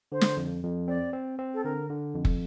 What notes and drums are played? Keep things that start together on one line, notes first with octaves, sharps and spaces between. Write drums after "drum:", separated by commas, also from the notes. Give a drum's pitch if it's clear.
D3 C5
drum: snare
F2
F2
C4 D5
C4
C4
A4
D3 A#4
D3
F2
drum: kick